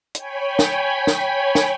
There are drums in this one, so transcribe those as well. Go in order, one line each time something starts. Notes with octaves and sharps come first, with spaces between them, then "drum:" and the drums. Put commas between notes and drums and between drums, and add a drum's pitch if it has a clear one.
C#5 G5 G#5 B5, drum: hi-hat
drum: snare
drum: snare
drum: snare